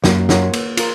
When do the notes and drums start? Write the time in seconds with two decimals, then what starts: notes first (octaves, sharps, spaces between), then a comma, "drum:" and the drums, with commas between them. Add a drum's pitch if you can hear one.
0.04 F#2 A#3, drum: snare
0.29 F4 A#4 C#5 F#5, drum: snare
0.53 A#3, drum: cymbal
0.77 F4 A#4, drum: cymbal